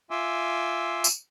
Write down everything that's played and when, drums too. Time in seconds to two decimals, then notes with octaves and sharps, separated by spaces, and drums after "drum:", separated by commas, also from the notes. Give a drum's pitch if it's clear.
0.11 F4 E5 G#5 C6 D6 E6
1.04 drum: tambourine